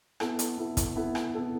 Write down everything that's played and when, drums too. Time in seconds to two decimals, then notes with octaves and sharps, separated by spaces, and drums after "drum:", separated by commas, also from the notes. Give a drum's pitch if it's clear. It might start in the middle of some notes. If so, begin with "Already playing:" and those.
0.20 B3 E4 A4, drum: rim click
0.39 drum: hi-hat
0.58 B3 E4 A4
0.77 drum: kick, hi-hat
0.96 B3 E4 A4
1.15 drum: rim click
1.34 B3 E4 A4